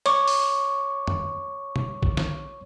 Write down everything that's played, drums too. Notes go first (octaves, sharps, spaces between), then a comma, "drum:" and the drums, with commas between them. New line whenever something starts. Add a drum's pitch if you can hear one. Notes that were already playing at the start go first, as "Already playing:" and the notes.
C#5 C#6 D6, drum: cymbal
drum: open hi-hat
drum: tom F2
drum: tom B2
drum: kick B1
drum: snare